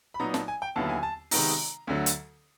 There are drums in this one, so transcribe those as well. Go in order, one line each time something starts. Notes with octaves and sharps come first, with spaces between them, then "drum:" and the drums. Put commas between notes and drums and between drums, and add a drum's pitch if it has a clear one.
B5
A#2 F#3 B3 D#4 A#5
A5, drum: snare
G#5
G5
D#2 D3 F#3 B3 E4 A5
G#5
A5
C3 D#3 G#3 B3 D#4 A#5, drum: open hi-hat
D2 D3 F#3
drum: hi-hat